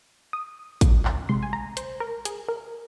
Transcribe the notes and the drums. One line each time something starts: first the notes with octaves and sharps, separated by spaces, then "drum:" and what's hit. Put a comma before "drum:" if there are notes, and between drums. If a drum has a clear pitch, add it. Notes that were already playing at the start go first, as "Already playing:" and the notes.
D#6
drum: kick, hi-hat
drum: clap
C3 G#3 C6
G#5
A#5
C5, drum: hi-hat
A#4
G#4, drum: hi-hat
A#4